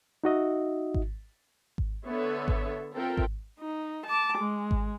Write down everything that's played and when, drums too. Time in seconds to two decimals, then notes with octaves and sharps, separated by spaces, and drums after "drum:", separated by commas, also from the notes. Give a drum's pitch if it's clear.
0.24 D#4 F#4 D#5 E5
0.94 drum: kick G#1
1.78 drum: kick G#1
2.06 D3 B3 A4 C#5 E5
2.48 drum: kick G#1
2.94 C4 F4 A4 A#4 E5 G5
3.17 drum: kick G#1
3.60 D#4
4.07 A5 D6
4.39 G#3
4.71 drum: kick G#1